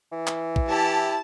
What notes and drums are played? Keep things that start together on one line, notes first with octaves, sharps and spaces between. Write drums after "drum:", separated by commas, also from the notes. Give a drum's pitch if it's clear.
E3
drum: clap
drum: kick A#1
E4 G4 A5